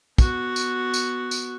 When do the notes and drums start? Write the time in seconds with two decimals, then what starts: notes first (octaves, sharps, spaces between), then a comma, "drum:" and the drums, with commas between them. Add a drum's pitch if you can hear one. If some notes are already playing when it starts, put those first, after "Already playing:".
0.18 B3 F#4, drum: kick, tambourine
0.56 drum: tambourine
0.94 drum: tambourine
1.31 drum: tambourine